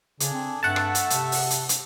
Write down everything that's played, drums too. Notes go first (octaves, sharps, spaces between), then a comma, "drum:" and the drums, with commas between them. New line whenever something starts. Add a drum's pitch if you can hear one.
C#3 D4 G#4 A4, drum: hi-hat
C4
G2 A3 A4 E5 F#5 A5
drum: rim click
drum: hi-hat
C3, drum: hi-hat
drum: open hi-hat
drum: hi-hat
drum: hi-hat